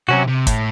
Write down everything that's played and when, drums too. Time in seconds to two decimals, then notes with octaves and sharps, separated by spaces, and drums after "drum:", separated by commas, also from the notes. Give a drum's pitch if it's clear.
0.09 C3 F#3 C#4 F#4
0.27 C3
0.47 A2, drum: kick, hi-hat